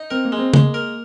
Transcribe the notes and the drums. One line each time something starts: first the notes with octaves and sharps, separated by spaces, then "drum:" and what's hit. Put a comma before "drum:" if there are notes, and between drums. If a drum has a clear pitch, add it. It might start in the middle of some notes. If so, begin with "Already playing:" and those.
Already playing: D#4
C4 A#4
A#3
G#3
C4
G#3 A#3, drum: tom
A#4